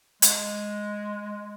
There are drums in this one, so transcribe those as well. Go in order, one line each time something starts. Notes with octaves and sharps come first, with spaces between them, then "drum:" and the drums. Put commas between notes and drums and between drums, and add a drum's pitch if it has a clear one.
G#3, drum: hi-hat